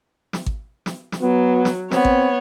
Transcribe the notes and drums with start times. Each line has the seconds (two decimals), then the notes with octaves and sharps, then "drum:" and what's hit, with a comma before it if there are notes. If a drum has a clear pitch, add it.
0.33 drum: snare
0.46 drum: kick G#1
0.86 drum: snare
1.12 drum: snare
1.21 F#3 B3
1.65 drum: snare
1.91 B3 C4 C#5, drum: snare
2.05 drum: kick G#1